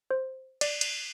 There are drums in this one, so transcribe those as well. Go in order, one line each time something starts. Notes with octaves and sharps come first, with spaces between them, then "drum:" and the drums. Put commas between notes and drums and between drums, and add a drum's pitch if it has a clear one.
C5
D5, drum: cymbal
drum: cymbal